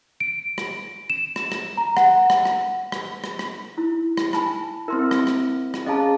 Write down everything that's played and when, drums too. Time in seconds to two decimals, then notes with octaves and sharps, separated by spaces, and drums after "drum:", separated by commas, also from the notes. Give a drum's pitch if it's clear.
0.20 D7
0.58 drum: rim click
1.10 E7
1.36 drum: rim click
1.52 drum: rim click
1.77 A#5
1.97 F#5, drum: rim click
2.30 drum: rim click
2.45 drum: rim click
2.92 drum: rim click
3.24 drum: rim click
3.39 drum: rim click
3.78 E4
4.17 drum: rim click
4.33 G#5 A5 B5, drum: rim click
4.88 C4 E4 A#4 C6
5.11 drum: rim click
5.27 drum: rim click
5.74 drum: rim click
5.86 C#4 G#4 D#5 F5 A5 A#5